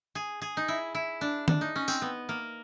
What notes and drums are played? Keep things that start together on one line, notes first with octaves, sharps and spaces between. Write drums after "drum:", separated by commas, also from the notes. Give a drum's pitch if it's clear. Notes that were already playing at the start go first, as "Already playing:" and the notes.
G#4
G#4
D#4
E4
E4
D4
D4, drum: tom D#3
D#4
C#4
C4, drum: tambourine
B3
A#3